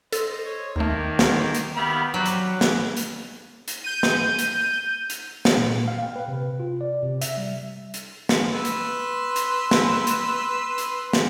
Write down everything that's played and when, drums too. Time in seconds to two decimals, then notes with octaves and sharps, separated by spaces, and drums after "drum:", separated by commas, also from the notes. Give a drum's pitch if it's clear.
0.13 A4 C5 D#5, drum: hi-hat
0.45 C#5
0.76 D#2 D#3 A3 A#3 G4
1.19 drum: snare
1.55 drum: hi-hat
1.76 D#3 B3 G4 E5 F5 B5
2.14 F#3 C4 C#4 G4 D5
2.26 drum: hi-hat
2.61 drum: snare
2.97 drum: hi-hat
3.68 drum: hi-hat
3.84 G6 D#7
4.03 drum: snare
4.39 drum: hi-hat
5.10 drum: hi-hat
5.45 drum: snare
5.57 A#2
5.88 F5
6.03 G5
6.16 B4
6.28 C3
6.60 F4
6.81 D5
7.03 C3
7.21 E5, drum: hi-hat
7.37 G3
7.94 drum: hi-hat
8.29 drum: snare
8.53 B4 C6 E6
8.65 drum: hi-hat
9.36 drum: hi-hat
9.71 drum: snare
10.07 drum: hi-hat
10.78 drum: hi-hat
11.13 drum: snare